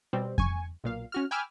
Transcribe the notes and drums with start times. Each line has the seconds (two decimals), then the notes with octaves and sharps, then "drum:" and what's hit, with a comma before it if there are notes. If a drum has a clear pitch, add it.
0.13 B2 G3 C4
0.38 G#5 C#6, drum: kick F2
0.84 B1 A#2 F5
1.12 C#4 F#4 F6
1.31 G5 G#5 B5 D6 E6 F6